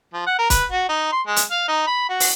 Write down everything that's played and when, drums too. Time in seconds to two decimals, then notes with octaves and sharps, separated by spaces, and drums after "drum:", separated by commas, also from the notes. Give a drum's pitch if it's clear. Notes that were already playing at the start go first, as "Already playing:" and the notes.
0.14 F3
0.26 F#5
0.39 A#4
0.50 B4, drum: kick, hi-hat
0.71 F#4
0.89 D#4
1.12 C6
1.27 G#3
1.36 drum: hi-hat
1.51 F5
1.68 D#4
1.87 B5
2.09 F#4
2.20 drum: open hi-hat